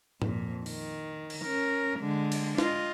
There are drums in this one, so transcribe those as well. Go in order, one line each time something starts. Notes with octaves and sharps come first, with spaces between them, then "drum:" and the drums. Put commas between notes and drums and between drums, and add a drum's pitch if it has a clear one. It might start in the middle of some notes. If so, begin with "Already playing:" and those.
F2 A#2, drum: tom G#2
D#3, drum: open hi-hat
drum: cymbal
C#4 A#4
D3 G#3
drum: cymbal
F4 D#5, drum: snare